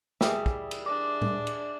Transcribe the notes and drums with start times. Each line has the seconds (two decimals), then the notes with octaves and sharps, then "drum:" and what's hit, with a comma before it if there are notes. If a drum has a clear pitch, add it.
0.21 E3 G3 G#4 D#5 E5, drum: snare
0.46 drum: kick
0.71 drum: cymbal
0.86 D4 D6
1.22 drum: tom A2
1.47 drum: cymbal